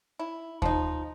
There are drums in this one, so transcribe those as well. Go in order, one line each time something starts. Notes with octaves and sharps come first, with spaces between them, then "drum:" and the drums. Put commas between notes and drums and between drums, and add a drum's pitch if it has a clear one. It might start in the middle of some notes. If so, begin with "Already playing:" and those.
E4
F3 D#4, drum: kick D#2